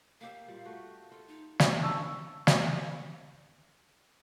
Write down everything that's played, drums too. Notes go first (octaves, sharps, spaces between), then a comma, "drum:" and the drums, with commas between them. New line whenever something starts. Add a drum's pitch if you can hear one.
A#3 G4 E5 F5
A#2 G3
A3 F#4 G4
F4 A4
D#4
drum: snare
A5 C#6 E6
drum: snare